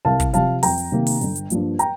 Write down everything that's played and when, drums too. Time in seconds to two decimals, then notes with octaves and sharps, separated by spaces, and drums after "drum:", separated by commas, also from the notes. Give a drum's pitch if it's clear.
0.05 C2 F5 A5
0.20 drum: kick, hi-hat
0.34 C3 F3 F5 A5, drum: hi-hat
0.63 F2 G5 A#5, drum: open hi-hat
0.78 drum: hi-hat
0.92 C3 D#3 A#3
1.07 drum: open hi-hat
1.21 G1, drum: hi-hat
1.36 drum: hi-hat
1.50 G2 F3 A#3, drum: hi-hat
1.79 G5 A#5, drum: hi-hat